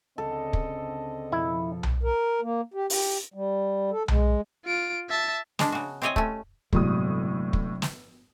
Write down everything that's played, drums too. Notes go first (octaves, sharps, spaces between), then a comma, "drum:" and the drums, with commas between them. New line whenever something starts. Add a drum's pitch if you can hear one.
C#2 D3 C4 A4 D#5
drum: kick
F2 B2 F3 E4
drum: tom B1
A#4
A#3
G4
G4, drum: open hi-hat
G3
A4
G#3, drum: tom B1
F4 D7
E5 A5
G#3 D4, drum: snare
C#3 F#4
C4 E4 G4 C#5 D#5 G#5
A3 C#4, drum: kick
G1 A2 C3 F#3 G#3 D#6, drum: kick
drum: kick
drum: snare